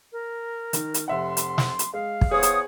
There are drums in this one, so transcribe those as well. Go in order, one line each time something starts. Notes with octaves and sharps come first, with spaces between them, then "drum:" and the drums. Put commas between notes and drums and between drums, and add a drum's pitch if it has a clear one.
A#4
D#3, drum: hi-hat
drum: hi-hat
F1 E5 F#5 C6
drum: hi-hat
drum: snare
drum: hi-hat
G#3 F5
drum: kick
E2 G#4 C5 C#5 D#6
drum: hi-hat